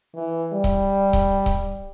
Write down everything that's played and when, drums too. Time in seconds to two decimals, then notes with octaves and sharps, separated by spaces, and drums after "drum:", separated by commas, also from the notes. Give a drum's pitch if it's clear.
0.15 E3
0.53 G3
0.64 drum: kick C#1
1.13 drum: kick C#1
1.46 drum: kick C#1